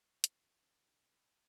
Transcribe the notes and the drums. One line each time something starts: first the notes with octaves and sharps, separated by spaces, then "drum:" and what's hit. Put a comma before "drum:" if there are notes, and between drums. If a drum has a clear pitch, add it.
A#3 C#6
E3 B3 C4 D4, drum: hi-hat
E4 F4
D3 G#3 A3 B3 A4
D3
G2 G#4 A#4 G5 B5